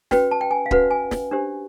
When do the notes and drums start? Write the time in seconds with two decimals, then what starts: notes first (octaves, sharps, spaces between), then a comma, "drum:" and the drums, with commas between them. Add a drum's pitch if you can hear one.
0.11 C#4 F#4 B4 G5, drum: snare
0.31 A5
0.41 G5
0.51 G#5
0.66 F5
0.71 C#4 F#4 B4 F#5, drum: kick
0.91 G#5
1.11 drum: snare
1.31 D4 G4 C5